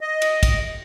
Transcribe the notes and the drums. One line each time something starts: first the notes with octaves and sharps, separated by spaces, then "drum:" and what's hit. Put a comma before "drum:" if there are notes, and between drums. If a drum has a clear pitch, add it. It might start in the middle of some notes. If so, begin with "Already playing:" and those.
D#5
drum: cymbal
drum: kick, cymbal